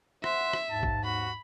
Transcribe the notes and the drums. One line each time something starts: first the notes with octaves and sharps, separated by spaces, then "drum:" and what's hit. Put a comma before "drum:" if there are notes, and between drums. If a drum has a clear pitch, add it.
C5 E5 F#5 C6, drum: rim click
drum: rim click
D#2 G#2 A5
drum: kick A#1
F#4 B5